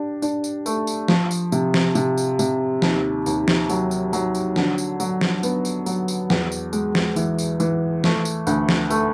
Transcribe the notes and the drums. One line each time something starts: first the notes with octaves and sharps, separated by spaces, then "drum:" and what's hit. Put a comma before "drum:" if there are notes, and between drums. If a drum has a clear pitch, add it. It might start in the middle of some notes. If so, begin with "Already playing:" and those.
Already playing: D4 G4
D4, drum: tambourine
drum: tambourine
A3, drum: tambourine
drum: tambourine
F3, drum: snare
drum: tambourine
C3, drum: tambourine
drum: snare
C3, drum: tambourine
drum: tambourine
C3, drum: tambourine
D#2, drum: snare
D#2, drum: tambourine
drum: snare
F#3, drum: tambourine
drum: tambourine
F#3, drum: tambourine
drum: tambourine
D3, drum: snare
drum: tambourine
F#3, drum: tambourine
drum: snare
B3, drum: tambourine
drum: tambourine
F#3, drum: tambourine
drum: tambourine
E2, drum: snare
drum: tambourine
G#3, drum: tambourine
drum: snare
E3, drum: tambourine
drum: tambourine
E3, drum: tambourine
A3, drum: snare
drum: tambourine
D2, drum: tambourine
drum: snare
A3, drum: tambourine